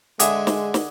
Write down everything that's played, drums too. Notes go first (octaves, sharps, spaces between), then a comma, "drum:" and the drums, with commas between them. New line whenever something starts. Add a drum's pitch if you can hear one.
D3 G#3 G#4 E5, drum: hi-hat
drum: snare
drum: snare